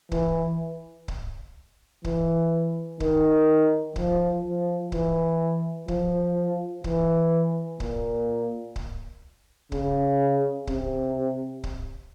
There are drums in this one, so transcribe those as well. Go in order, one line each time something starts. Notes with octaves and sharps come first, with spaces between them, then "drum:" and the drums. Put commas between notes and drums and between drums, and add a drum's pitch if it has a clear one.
E3, drum: kick C#1
drum: kick C#1
E3, drum: kick C#1
D#3, drum: kick C#1
F3, drum: kick C#1
F3
E3, drum: kick C#1
F3, drum: kick C#1
E3, drum: kick C#1
A#2, drum: kick C#1
drum: kick C#1
C#3, drum: kick C#1
C3, drum: kick C#1
drum: kick C#1